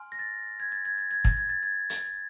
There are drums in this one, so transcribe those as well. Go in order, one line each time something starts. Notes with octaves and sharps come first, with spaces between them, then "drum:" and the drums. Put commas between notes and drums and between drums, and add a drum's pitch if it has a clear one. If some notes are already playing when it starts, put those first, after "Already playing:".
Already playing: G#5 C6 F6
A#6
A6
G#6
A6
G#6
A6
G#6
A6, drum: kick
G#6
A6
G#6
drum: hi-hat